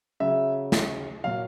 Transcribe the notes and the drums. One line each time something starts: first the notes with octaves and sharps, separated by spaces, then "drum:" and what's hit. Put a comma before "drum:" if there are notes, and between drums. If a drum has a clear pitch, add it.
C#3 F#3 E5
drum: snare
A#2 F#3 F5